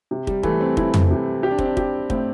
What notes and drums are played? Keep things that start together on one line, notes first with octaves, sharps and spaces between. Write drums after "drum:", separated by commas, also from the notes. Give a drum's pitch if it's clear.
C3
G3, drum: kick
E3 A3, drum: kick
C4
C4 E4, drum: kick
drum: tom
C3
G4
D4
C4, drum: kick
D4
G4, drum: kick
A2 C4, drum: kick